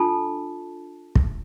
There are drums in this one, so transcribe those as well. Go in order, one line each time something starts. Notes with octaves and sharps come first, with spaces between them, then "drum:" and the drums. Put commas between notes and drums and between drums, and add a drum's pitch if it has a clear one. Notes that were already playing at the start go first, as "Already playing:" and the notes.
Already playing: D4 F4 A4 A5
drum: kick